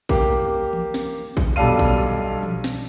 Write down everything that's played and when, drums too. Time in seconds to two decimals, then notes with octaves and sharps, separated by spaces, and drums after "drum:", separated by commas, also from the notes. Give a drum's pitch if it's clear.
0.09 A#3 G4, drum: kick A#1
0.73 drum: tom E3
0.94 drum: snare
1.37 drum: kick A#1
1.56 B1 G3 D4 A4 F5 D#7
1.79 drum: kick A#1
2.43 drum: tom E3
2.64 drum: snare